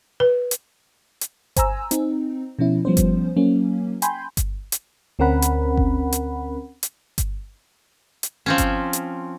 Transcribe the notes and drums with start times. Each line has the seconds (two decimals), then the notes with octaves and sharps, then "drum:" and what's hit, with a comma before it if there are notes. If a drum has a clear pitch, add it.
0.20 B4
0.51 drum: hi-hat
1.21 drum: hi-hat
1.56 C5 G#5 A#5 E6, drum: kick G1, hi-hat
1.91 C4 D#4, drum: hi-hat
2.59 B2 F3 C#4 E4
2.85 F3 G3 B3 C#4 C5
2.97 drum: kick G1, hi-hat
3.36 F#3 A#3 C#4
4.02 G5 G#5 B5 C6 G6, drum: hi-hat
4.37 drum: kick G1, hi-hat
4.72 drum: hi-hat
5.19 D2 C4 C#4 A#4 F#5 B5
5.42 drum: hi-hat
5.77 drum: kick G1
6.12 drum: hi-hat
6.83 drum: hi-hat
7.18 drum: kick G1, hi-hat
8.23 drum: hi-hat
8.46 F3 C4 C#4
8.58 drum: kick G1, hi-hat
8.93 drum: hi-hat